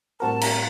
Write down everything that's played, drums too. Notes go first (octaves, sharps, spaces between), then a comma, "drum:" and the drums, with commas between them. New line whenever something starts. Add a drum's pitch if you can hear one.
A2 G3 C4 F#4 A#4 A5
A#5, drum: cymbal